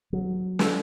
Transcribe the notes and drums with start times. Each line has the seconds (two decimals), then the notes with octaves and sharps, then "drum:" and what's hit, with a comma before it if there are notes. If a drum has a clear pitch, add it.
0.13 F#3
0.59 drum: snare